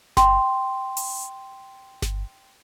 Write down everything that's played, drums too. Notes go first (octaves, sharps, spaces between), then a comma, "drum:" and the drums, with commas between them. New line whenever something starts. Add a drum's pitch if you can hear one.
G5 C6, drum: snare G1
drum: open hi-hat
drum: snare G1